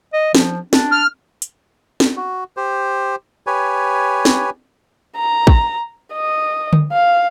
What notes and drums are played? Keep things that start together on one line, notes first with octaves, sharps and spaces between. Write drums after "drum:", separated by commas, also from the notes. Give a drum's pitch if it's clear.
D#5
F3, drum: snare
D4, drum: snare
F6
drum: hi-hat
drum: snare
F#4
G4 C5
G4 B4 C#5 G#5
drum: snare
A#5
drum: kick
D#5
drum: tom
F5